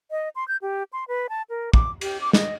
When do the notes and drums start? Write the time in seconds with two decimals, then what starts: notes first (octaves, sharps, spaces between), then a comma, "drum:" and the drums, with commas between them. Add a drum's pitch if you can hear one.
0.11 D#5
0.36 C6
0.48 G6
0.62 G4
0.93 C6
1.08 B4
1.29 A5
1.50 A#4
1.74 D6, drum: kick
2.01 G4, drum: cymbal
2.21 D6
2.33 D#5, drum: snare